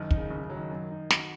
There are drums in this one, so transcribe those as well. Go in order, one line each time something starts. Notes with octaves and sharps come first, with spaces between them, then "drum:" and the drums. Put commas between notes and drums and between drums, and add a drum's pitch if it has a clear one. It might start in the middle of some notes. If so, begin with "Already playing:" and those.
Already playing: F#1 D#3
D#4, drum: kick
C#3
F#1 C#3
C#3
F#3
D#3
F#2
D#4
F#4, drum: snare